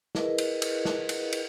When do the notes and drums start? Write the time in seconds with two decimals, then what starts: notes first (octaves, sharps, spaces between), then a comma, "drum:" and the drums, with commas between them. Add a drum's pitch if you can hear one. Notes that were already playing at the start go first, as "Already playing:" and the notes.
0.15 E4 G#4 A#4 B4 D#5, drum: snare
0.38 drum: cymbal
0.62 drum: cymbal
0.85 drum: snare
1.09 drum: cymbal
1.32 drum: cymbal